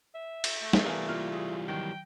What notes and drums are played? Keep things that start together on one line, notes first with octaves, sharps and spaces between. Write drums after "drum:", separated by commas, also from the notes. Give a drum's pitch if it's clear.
E5
drum: cymbal
A3
drum: snare
E3 G3 B3 A#4 F5 G#5
A#3 F4 F6
G#4
D#3 F#3 G5